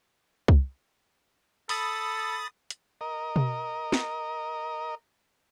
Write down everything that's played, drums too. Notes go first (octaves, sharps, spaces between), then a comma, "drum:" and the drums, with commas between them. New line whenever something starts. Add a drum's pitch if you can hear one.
drum: kick C2
A4 B5 D#6 A6, drum: open hi-hat
drum: hi-hat
A#4 D#5
drum: tom B2
drum: snare